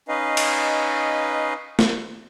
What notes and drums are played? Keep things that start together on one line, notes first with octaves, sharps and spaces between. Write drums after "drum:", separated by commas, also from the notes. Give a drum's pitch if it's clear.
C#4 D#4 B4 D#5 F5
drum: cymbal
drum: snare